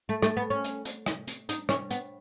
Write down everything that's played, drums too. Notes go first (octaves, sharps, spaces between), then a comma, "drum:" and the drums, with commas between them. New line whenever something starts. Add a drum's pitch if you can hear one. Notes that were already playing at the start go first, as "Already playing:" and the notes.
A3
A3, drum: rim click
B3
C#4
drum: hi-hat
drum: hi-hat
drum: rim click
drum: hi-hat
D#4, drum: hi-hat
C#4, drum: rim click
B3, drum: hi-hat